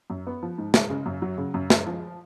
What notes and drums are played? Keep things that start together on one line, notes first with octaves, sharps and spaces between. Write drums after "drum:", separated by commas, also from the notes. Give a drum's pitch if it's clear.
F#2
B3
F3
G#2
G#3, drum: snare
C#3
F#2
F#3
C#3
F#2
G#3, drum: snare
F3